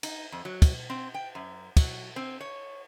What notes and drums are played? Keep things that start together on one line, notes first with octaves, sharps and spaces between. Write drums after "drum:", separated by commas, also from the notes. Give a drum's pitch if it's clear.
D#4, drum: cymbal
F2
F#3
drum: kick, cymbal
C4
G5
F#2
F#3, drum: kick, cymbal
C4
C#5